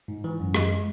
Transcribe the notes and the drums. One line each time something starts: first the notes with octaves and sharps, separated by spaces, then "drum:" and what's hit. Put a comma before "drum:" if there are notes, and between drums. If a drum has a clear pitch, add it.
G#2
E3
F#2
G#3, drum: rim click